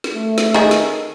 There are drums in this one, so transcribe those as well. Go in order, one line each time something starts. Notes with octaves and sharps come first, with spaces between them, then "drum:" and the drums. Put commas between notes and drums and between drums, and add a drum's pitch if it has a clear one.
drum: snare
A3
drum: snare
D#3 G#4, drum: snare
drum: snare